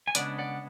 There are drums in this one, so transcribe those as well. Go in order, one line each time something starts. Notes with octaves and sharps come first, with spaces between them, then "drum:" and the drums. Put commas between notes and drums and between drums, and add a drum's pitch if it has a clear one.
G#5
C#3 G#3 B3 D4 D5 F#5, drum: hi-hat
D5 F#5